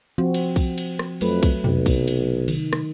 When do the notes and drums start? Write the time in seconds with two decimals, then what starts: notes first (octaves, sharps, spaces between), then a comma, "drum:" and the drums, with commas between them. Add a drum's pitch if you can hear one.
0.18 F3 C4 F#4
0.34 drum: cymbal
0.56 drum: kick B1, cymbal
0.78 drum: cymbal
0.99 drum: rim click
1.21 F2 F#3 A3 B4, drum: cymbal
1.43 drum: kick B1, cymbal
1.64 B1 C3, drum: tom
1.86 drum: kick B1, cymbal
2.08 drum: cymbal
2.48 D#3, drum: cymbal
2.73 drum: rim click